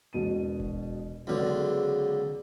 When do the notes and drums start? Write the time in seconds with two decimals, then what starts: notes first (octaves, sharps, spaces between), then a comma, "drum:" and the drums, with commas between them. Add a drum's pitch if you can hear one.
0.13 E1 B2 D#7
0.60 drum: kick E1
1.27 C#2 D3 F#3 B3 D#4